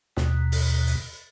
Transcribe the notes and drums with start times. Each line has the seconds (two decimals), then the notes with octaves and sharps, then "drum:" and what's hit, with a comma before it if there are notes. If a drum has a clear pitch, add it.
0.17 D#2 B2, drum: snare
0.52 drum: open hi-hat
0.87 drum: hi-hat